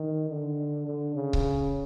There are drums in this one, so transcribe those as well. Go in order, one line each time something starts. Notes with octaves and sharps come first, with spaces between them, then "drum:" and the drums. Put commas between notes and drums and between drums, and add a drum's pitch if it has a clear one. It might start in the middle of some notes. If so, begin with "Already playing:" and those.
Already playing: D#3
D3
D3
C#3
drum: kick C#1